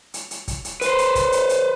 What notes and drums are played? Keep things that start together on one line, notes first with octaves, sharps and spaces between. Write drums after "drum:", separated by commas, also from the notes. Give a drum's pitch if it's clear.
drum: hi-hat
drum: hi-hat
drum: kick, hi-hat
drum: hi-hat
B4 C5, drum: hi-hat
drum: hi-hat
drum: kick, hi-hat
drum: hi-hat
drum: hi-hat